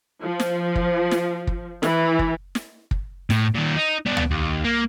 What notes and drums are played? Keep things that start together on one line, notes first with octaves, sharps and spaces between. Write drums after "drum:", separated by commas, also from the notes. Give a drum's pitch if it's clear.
F3
drum: snare
drum: kick
drum: snare
drum: kick
E3, drum: snare
drum: kick
drum: snare
drum: kick
A2, drum: snare
A#2 D#3
D#4
B3 D4
drum: tom C#2
D#2
A#3